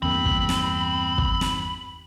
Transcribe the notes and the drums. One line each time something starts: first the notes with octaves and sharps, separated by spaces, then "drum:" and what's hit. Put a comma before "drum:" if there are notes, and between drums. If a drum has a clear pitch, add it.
E2 G2 A#3 C4 B5
drum: kick
drum: snare
drum: kick
drum: snare